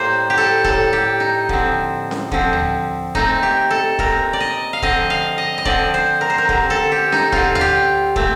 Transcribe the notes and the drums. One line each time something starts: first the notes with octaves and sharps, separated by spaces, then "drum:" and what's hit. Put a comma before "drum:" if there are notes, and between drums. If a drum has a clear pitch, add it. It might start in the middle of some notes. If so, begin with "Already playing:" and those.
Already playing: A2 G3 A#3 C5
G4
A4
A2 G3 A#3 A4, drum: kick
G4
D#4
D3 F3 C4, drum: kick
drum: snare C#4
D3 F3 C4, drum: kick
drum: tom D2
A#2 A3 C4 D#4, drum: kick
G4
A4
A#2 A3 C4 A#4, drum: kick
D5
D#5
F5
D3 F3 C4 D#5, drum: kick
F5
D#5
D#5
D3 F3 C4 D5, drum: kick
C5
A#4
C5
A#4
D3 G3 C4 A#4, drum: kick
A4
G4
D#4, drum: snare C#4
D3 G3 C4 F4, drum: kick
F4, drum: tom D2
G4
A#2 A3 C4, drum: kick